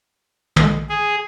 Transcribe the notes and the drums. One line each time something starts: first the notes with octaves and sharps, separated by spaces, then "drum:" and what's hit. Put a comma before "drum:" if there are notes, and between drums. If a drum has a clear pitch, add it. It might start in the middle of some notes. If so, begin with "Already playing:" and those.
A#1 D3 G#3, drum: tom
G#4